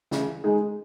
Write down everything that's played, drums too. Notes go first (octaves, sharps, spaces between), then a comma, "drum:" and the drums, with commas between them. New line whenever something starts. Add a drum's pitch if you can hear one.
C#3, drum: snare
G#3 D#4 G#4